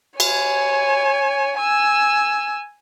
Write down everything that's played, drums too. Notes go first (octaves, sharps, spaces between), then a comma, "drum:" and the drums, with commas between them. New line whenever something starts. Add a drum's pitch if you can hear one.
C#5 G#5, drum: cymbal
G#5 E6